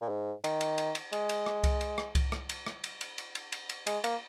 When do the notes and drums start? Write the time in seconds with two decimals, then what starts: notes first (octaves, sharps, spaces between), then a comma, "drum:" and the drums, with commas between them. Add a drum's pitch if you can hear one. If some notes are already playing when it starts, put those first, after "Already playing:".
0.02 A#2
0.09 G#2
0.44 D#3, drum: cymbal
0.61 drum: cymbal
0.78 drum: cymbal
0.95 drum: cymbal
1.13 G#3, drum: cymbal
1.29 drum: cymbal
1.46 drum: rim click
1.64 drum: kick C2, cymbal
1.81 drum: cymbal
1.98 drum: rim click
2.15 drum: kick C2, cymbal
2.32 drum: rim click
2.49 drum: cymbal
2.66 drum: rim click
2.84 drum: cymbal
3.01 drum: cymbal
3.18 drum: cymbal
3.35 drum: cymbal
3.52 drum: cymbal
3.69 drum: cymbal
3.87 G#3, drum: cymbal
4.04 A#3, drum: cymbal